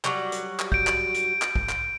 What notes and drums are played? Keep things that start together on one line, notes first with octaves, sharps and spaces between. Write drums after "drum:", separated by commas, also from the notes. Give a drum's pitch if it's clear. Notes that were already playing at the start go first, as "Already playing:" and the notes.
F#3 G3, drum: clap
drum: hi-hat
drum: clap
G6 D7, drum: kick
drum: clap
drum: hi-hat
drum: clap
drum: kick
drum: clap